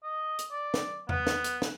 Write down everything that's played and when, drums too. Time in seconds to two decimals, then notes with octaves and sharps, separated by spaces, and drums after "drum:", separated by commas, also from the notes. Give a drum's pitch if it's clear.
0.04 D#5
0.39 drum: hi-hat
0.52 D5
0.74 drum: snare
1.09 B3, drum: tom E2
1.27 drum: snare
1.44 drum: hi-hat
1.62 drum: snare